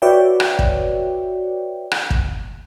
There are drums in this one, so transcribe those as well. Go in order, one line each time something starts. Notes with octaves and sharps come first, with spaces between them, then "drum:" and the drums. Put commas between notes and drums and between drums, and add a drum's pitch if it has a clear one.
F#4 B4 C#5 D5 E5 G5
drum: rim click
drum: kick
drum: rim click
drum: kick